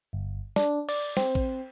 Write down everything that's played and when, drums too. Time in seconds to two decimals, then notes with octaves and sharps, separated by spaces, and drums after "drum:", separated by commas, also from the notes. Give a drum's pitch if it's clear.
0.13 G1
0.56 D4, drum: snare
0.89 D5, drum: cymbal
1.17 C4, drum: snare
1.35 drum: kick